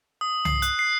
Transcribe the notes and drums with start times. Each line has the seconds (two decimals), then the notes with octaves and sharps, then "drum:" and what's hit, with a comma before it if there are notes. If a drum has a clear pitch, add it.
0.21 D#6
0.45 C7, drum: tom C2
0.62 F#6, drum: hi-hat
0.79 C7